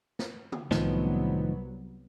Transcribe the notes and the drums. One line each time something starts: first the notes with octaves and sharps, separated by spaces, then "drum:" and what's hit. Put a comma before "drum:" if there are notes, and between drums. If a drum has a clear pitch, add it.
drum: snare
drum: tom
C2 A2 D#3 F3 F#3 B3, drum: snare